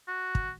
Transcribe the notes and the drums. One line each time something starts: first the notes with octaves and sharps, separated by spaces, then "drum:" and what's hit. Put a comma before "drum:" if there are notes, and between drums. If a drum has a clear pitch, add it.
F#4
drum: kick